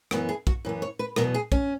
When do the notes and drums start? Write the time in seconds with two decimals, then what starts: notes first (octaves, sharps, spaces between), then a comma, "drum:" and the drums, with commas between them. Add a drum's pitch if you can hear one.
0.11 F#2 E3 B3 F#4, drum: rim click
0.29 G#4
0.47 F#4, drum: kick
0.65 F#2 E3 B3
0.82 C#5
0.99 B4
1.16 E2 B2 F#3 B3 A#4, drum: rim click
1.34 G#4
1.52 C#4, drum: kick